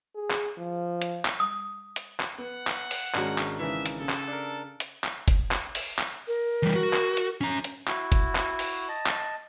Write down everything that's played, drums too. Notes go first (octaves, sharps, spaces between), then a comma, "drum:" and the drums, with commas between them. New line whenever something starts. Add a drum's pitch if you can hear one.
G#4
drum: clap
F3
drum: hi-hat
drum: clap
D#6
drum: hi-hat
drum: clap
B3 F#5
drum: clap
drum: open hi-hat
G#1 G#3 C#4 D4 F#4 A#4, drum: clap
drum: clap
G#2 C#3 E3 E5
drum: hi-hat
C#3 A4
drum: clap
D4 A#4
drum: hi-hat
drum: clap
drum: kick F#1, hi-hat
drum: clap
drum: open hi-hat
drum: clap
A#4
E3 G3
F#4
drum: clap
drum: hi-hat
C#4 A#5
drum: hi-hat
E4 F#4, drum: clap
drum: kick F#1, hi-hat
drum: clap
drum: open hi-hat
D#5 A5
drum: clap